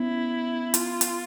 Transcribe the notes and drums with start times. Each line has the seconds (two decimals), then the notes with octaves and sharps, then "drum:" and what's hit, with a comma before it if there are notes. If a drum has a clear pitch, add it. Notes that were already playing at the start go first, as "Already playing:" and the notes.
Already playing: B3 C#4 E4
0.74 F4, drum: hi-hat
1.01 drum: hi-hat